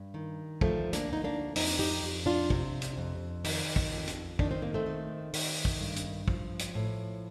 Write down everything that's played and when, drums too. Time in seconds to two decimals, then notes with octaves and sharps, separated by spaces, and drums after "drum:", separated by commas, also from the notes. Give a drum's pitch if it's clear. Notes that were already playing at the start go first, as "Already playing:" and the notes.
Already playing: G2
0.14 D#3
0.61 D2 F3 A3, drum: kick
0.93 A#3 D4, drum: hi-hat
1.08 D2 D#4
1.24 A#3 D4
1.56 F2 C4 D#4, drum: open hi-hat
1.79 D#4 G4
2.03 F2
2.26 D4 F4
2.50 C3, drum: kick
2.82 drum: hi-hat
2.97 F2
3.44 D#3, drum: open hi-hat
3.76 drum: kick
3.92 F2
4.08 drum: hi-hat
4.39 D#3 D4, drum: kick
4.51 C4
4.62 A#3
4.74 A3 C4
4.86 D#3
5.33 D#3, drum: open hi-hat
5.65 drum: kick
5.81 G2
5.96 drum: hi-hat
6.28 F3, drum: kick
6.59 drum: hi-hat
6.75 A2